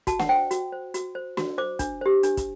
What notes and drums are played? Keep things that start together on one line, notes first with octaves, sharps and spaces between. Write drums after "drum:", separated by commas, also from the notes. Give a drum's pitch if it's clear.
F#4 A5, drum: kick, hi-hat
F#5, drum: snare
C5 G5
F#4, drum: hi-hat
C5
F#4, drum: hi-hat
C5
F#4, drum: snare
C5 D6
D4, drum: kick, hi-hat
G4 C5
D4, drum: hi-hat
drum: kick, hi-hat